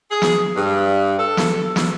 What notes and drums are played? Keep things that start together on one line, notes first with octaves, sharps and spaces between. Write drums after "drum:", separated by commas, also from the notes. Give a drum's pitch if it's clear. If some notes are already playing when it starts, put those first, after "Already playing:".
G#4
drum: snare
G2
A4
drum: snare
drum: snare